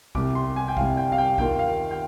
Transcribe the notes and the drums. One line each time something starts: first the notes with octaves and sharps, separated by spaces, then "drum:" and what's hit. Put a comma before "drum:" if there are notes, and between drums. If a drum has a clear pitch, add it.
C2 C3 G3 D6, drum: kick
C6
G#5
G5
C2 C3 G3 F5, drum: kick
G5
F5
G5
D#2 D#3 A#3 F4 G5, drum: kick
F5
G5